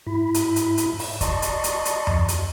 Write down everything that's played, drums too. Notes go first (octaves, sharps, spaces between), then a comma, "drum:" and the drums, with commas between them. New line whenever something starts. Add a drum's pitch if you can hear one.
G#2 E4 B5
drum: hi-hat
drum: hi-hat
drum: hi-hat
drum: open hi-hat
D5 D#5 A5 A#5 C6 C#6, drum: kick, hi-hat
drum: hi-hat
drum: hi-hat
drum: hi-hat
drum: tom F2
drum: hi-hat